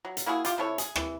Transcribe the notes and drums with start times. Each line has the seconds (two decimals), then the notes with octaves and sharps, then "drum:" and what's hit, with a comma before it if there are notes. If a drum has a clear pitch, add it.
0.05 F#3
0.17 drum: hi-hat
0.26 A#3 E4 F#4 G#4
0.45 F4 G4, drum: hi-hat
0.58 C3 E4 A4 C#5
0.78 G#4, drum: hi-hat
0.96 E3, drum: rim click